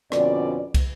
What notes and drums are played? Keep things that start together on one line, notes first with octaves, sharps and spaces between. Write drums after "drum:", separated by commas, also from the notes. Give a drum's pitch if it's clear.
F2 B2 D3 C#4 D5, drum: rim click
drum: kick, cymbal